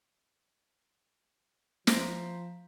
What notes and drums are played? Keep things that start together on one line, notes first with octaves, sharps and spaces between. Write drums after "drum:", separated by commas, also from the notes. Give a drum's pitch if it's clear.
F3 C5 A#5 C6 A#6 B6, drum: snare